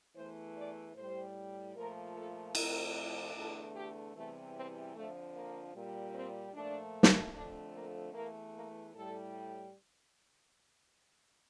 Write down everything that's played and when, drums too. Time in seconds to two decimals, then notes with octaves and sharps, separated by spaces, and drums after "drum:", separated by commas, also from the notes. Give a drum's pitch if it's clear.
0.16 E2 E3 A3 C5
0.56 D5
0.95 A2 G3 C5
1.75 A#2 F3 A3 A#4
2.16 A4
2.55 F2 C3 F3 A3 A#4, drum: cymbal
3.35 E2 D3 A3 A4
3.74 G4
4.14 E2 C3 E3 G3 A3
4.54 C4
4.94 F2 D3 F3 A3
5.34 A#3
5.74 A#2 G3
6.14 C4
6.53 A#2 F3 A3 D4
7.03 drum: snare
7.33 F2 D3 F3 A3 D4
7.73 A#3
8.13 E2 E3 A3 A#3
8.53 A#3
8.93 A2 G3 A4